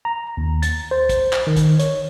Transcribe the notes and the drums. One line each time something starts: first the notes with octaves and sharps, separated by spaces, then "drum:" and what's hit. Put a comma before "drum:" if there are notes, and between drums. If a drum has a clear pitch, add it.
A#5
D#2
A6, drum: hi-hat
C5
drum: kick, hi-hat
drum: clap
D#3
drum: kick, hi-hat
C#5, drum: hi-hat